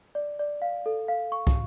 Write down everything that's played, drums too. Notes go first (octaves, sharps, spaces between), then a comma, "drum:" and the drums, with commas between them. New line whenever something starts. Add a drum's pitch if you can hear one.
D5
D5
F5
A4
F5
C#6
drum: kick